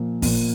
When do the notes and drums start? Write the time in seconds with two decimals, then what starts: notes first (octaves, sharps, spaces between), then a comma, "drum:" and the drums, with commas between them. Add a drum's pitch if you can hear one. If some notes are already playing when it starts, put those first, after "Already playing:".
Already playing: A#2 F3 A#3
0.22 A#2 F3 A#3, drum: kick, open hi-hat